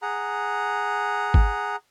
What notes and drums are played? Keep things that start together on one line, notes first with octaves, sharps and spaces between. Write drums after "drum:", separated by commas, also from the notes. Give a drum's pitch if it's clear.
G#4 F#5 A#5
drum: kick